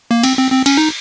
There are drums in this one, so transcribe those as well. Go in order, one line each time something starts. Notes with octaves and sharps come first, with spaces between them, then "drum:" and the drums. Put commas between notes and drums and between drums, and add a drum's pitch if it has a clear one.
A#3
C4, drum: cymbal
C4
C4
C#4, drum: cymbal
D#4